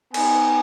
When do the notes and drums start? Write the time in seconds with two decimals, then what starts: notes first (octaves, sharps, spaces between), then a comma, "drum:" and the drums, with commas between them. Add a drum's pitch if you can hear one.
0.14 B3 D#4 G4 G#5, drum: cymbal